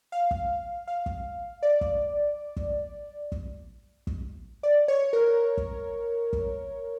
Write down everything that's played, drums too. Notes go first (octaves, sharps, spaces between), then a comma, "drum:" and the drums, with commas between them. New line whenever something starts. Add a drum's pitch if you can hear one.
F5
drum: kick
F5
drum: kick
D5
drum: kick
drum: kick
drum: kick
drum: kick
D5
C#5
A#4
drum: kick
drum: kick